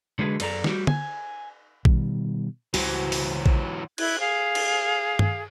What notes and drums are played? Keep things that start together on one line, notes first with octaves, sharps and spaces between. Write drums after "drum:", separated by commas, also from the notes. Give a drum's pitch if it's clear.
D3 F#3 G#3 G#4 B4
F#2 A4 D5 A5 A#5, drum: cymbal
G3 B3 C#4 F#4 G4, drum: snare
G#5, drum: tom D3
B2 D#3 G3, drum: kick A#1
C#2 C#3 E3 F#3 G3 F#4 C5, drum: open hi-hat
drum: open hi-hat
drum: kick A#1
E4 F#6 G#6, drum: cymbal
G#4 F5
drum: cymbal
drum: tom G2